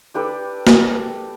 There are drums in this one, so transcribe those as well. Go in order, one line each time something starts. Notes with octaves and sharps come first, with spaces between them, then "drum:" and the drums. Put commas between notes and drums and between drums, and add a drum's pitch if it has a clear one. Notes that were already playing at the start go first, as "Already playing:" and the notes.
D4 G4 A4 B4
drum: snare